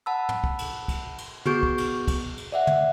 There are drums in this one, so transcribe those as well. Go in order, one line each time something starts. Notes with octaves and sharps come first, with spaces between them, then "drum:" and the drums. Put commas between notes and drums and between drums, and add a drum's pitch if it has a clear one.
F#5 A5 B5 E6
drum: tom
drum: kick
drum: cymbal
drum: kick, cymbal
drum: cymbal
B3 F#4 G#4 C#6 G6, drum: tom
drum: kick
drum: cymbal
drum: kick, cymbal
drum: cymbal
D5 E5 F#5
drum: tom